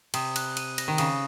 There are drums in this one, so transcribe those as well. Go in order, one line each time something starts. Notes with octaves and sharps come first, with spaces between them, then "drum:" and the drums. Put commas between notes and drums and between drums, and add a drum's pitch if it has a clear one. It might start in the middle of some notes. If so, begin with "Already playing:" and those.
C3 D#6, drum: cymbal
F#6, drum: cymbal
D#7, drum: cymbal
A#6, drum: cymbal
D#3
C#3 D#6, drum: cymbal